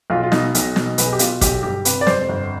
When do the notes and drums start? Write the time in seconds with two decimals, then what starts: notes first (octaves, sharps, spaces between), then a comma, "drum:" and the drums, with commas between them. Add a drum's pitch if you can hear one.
0.10 B1 F4
0.23 F4
0.32 B2 D#4, drum: snare
0.55 B1, drum: hi-hat
0.76 B2, drum: snare
0.98 B1 B4, drum: hi-hat
1.05 G#4
1.13 G4
1.19 B2 F4, drum: hi-hat
1.41 B1 G4, drum: kick, hi-hat
1.63 G1 G4
1.85 C3 B4, drum: hi-hat
2.01 D5
2.07 F2 C5, drum: snare
2.29 G1